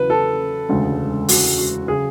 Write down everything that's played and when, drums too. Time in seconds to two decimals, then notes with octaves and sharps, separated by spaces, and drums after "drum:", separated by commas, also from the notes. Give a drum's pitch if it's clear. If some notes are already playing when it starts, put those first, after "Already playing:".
Already playing: E2 C#3 F#3 B4
0.10 A4
0.69 E1 D2 C#3 G#3
1.29 F#4, drum: open hi-hat
1.58 F#4
1.88 C#3 F#3 G#4